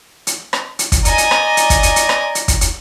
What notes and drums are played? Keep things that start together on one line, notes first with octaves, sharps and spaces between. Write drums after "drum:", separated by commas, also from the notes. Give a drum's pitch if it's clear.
drum: hi-hat
drum: rim click
drum: hi-hat
drum: kick, hi-hat
D5 D#5 G#5 A#5, drum: hi-hat
drum: hi-hat
drum: rim click
drum: hi-hat
drum: kick, hi-hat
drum: hi-hat
drum: hi-hat
drum: rim click
drum: hi-hat
drum: kick, hi-hat
drum: hi-hat